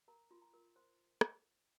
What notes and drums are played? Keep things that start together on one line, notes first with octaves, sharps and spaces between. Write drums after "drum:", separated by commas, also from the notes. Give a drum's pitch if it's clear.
A#4 A#5
F4 C6
A#5
A#4
C5 C6
drum: rim click